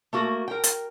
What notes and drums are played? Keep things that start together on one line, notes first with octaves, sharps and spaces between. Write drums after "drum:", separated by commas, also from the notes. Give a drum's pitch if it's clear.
A3 A#3 F#4
A#4 G5
drum: hi-hat